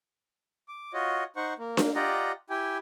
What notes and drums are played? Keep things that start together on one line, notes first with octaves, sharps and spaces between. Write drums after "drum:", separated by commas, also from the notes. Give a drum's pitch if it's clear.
D6
F4 F#4 C#5 D#5
D#4 C5 F#5 C#6
A#3
drum: snare D4
F4 G4 D5 D#5 F#5 A#5
E4 G4 G5 G#5